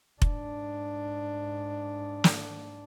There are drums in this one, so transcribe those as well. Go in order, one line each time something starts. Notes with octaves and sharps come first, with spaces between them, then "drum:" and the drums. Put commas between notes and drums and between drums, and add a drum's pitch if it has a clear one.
G#2 D4, drum: kick F1
drum: snare